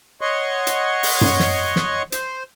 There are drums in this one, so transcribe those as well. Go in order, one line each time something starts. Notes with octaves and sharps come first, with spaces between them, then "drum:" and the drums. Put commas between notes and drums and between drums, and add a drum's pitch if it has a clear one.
C#5 D#5 F#5 C6 C#6
drum: hi-hat
drum: open hi-hat
drum: tom F#2
drum: snare
drum: snare
C5, drum: hi-hat